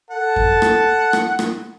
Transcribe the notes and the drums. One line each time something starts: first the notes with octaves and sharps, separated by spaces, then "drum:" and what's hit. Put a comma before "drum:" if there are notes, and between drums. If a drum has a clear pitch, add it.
A4 F#5 A5
drum: kick F2
drum: rim click
drum: rim click
drum: rim click